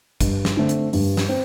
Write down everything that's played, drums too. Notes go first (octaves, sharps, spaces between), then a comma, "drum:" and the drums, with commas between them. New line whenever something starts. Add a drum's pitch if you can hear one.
G2, drum: kick, hi-hat
drum: snare
D3 A3 C4
drum: hi-hat
G2, drum: open hi-hat
drum: snare
C4